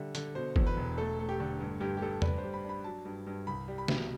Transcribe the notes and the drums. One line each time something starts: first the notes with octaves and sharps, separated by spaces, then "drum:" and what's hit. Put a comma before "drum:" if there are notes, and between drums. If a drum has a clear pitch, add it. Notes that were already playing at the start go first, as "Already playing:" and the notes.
Already playing: D3 G3 E5
D3, drum: hi-hat
B2 C5
E2, drum: kick
B4
E1
A3 A4
A3
G4
D3
G2
G2 G4
G4
G2 A4
D4 B4, drum: tom E2
C5
G3
B5
D4 B5
F#3 A5
G2
G2
C2 B5
G3
B5
B2, drum: snare